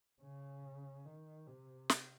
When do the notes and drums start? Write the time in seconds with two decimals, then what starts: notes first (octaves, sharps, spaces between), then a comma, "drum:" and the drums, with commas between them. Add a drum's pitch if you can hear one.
0.22 C#3
1.06 D#3
1.47 C3
1.90 drum: snare